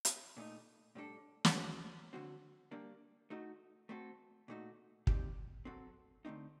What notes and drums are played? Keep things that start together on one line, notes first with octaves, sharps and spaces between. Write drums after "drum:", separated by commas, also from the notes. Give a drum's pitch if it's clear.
drum: hi-hat
A#2 A3 D#4
A2 G3 D4 A4
drum: snare
A2 F#3 A#3
D3 F#3 C4 F#4
G3 A#3 D4
A3 D#4 F#4
A3 C4 F#4 A4
A#2 A3 D#4 F#4
A#2 G3 C4 D#4 G4, drum: kick
F#3 C4 F#4 A4
D3 A3 C4 D#4